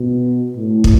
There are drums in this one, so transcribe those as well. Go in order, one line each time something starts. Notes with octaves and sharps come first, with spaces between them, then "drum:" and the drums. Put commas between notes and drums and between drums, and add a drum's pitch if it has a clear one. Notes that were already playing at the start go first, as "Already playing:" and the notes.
Already playing: B2
A2
drum: kick